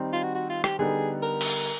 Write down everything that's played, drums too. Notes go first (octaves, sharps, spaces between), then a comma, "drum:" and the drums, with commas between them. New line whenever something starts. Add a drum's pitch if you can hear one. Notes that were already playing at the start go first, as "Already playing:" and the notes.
Already playing: D#3 G3 C4 D#4
F4
F#4
F#4
F4
G4, drum: rim click
D3 G3 B3 D#4 G#4
A#4
drum: cymbal